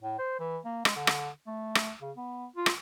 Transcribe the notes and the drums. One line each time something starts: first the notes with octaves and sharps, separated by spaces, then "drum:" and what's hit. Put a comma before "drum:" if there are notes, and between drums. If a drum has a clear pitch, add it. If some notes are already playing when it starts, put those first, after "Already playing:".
A2
C5
E3
A#3
G#3, drum: rim click
D3
drum: rim click
A3
drum: rim click
C#3
B3
F4
drum: rim click